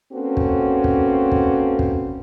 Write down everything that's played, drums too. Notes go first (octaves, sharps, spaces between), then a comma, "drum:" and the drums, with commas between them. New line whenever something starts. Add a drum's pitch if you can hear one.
A#3 C4 C#4 F#4 A4 B4
drum: kick
drum: kick
drum: kick
drum: kick